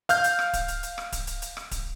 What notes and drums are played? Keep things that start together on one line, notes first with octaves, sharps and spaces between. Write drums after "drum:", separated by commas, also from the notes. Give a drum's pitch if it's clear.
F5 F6 G6, drum: hi-hat
drum: hi-hat
drum: rim click
drum: kick D1, hi-hat
drum: hi-hat
drum: hi-hat
drum: rim click
drum: kick D1, hi-hat
drum: hi-hat
drum: hi-hat
drum: rim click
drum: kick D1, hi-hat